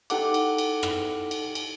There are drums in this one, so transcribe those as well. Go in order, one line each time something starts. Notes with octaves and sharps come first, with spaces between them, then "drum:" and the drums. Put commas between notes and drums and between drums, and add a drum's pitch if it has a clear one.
D#4 G4 A4 F#5 G5 D6, drum: cymbal
drum: cymbal
drum: cymbal
drum: rim click
drum: cymbal
drum: cymbal